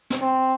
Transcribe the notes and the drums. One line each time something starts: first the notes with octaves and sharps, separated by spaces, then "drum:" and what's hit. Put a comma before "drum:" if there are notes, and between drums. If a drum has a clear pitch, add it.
drum: snare
C4